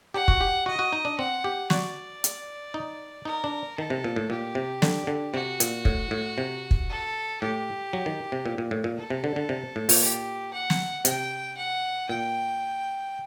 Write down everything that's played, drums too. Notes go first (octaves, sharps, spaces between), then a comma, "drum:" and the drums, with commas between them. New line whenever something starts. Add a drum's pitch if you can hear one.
G4 F#5
F#4, drum: kick
G4
F#4 D#5
F#4
D#4
D4
C4 F#5
G4
F#4 D5, drum: snare
drum: hi-hat
D#4
D#4 A#4
D4
D#3 A4
C3
A#2
A2
A#2 G4
C3
D3, drum: snare
D3
C3 F#4
A#2, drum: hi-hat
A2, drum: kick
A2
C3
drum: kick
A4
A2 G4
F#3
D#3
C3
A#2
A#2
A2
A#2
A4
C3
D3
D3
C3
A2
A#2, drum: open hi-hat
G4
F#5
drum: snare
C3 G5, drum: hi-hat
F#5
A#2 G5